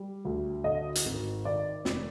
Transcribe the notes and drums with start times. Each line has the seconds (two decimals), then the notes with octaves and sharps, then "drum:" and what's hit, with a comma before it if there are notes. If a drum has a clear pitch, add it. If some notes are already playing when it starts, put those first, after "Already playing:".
Already playing: G3
0.25 D2
0.64 D3 D#5
0.95 drum: hi-hat
1.05 G#1
1.45 D#3 D5
1.85 F1, drum: snare